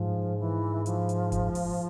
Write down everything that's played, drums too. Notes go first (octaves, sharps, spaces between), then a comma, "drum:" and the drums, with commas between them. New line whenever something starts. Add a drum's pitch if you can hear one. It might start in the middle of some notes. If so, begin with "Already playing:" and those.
Already playing: G#2 F3
E3
F3, drum: hi-hat
drum: hi-hat
drum: kick G1, hi-hat
drum: open hi-hat